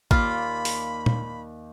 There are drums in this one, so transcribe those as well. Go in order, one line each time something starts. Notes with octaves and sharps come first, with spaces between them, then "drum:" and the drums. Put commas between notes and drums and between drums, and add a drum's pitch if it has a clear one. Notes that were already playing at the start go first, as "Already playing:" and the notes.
D#2 F4 D5 B5, drum: kick A1
drum: open hi-hat
drum: tom